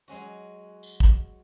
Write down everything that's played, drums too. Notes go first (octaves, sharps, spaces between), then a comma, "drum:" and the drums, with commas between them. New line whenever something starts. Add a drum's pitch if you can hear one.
F#3 G#3 C#4 F#4
drum: tambourine
drum: kick